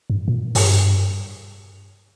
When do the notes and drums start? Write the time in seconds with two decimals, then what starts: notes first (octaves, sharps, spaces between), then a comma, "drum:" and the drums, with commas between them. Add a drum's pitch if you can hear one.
0.10 G2
0.28 A#2
0.55 G2, drum: open hi-hat